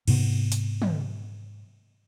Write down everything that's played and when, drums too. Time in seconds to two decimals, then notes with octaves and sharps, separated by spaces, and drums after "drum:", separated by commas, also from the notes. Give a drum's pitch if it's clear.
0.08 G#2 C3 B3, drum: cymbal
0.52 drum: hi-hat
0.82 drum: tom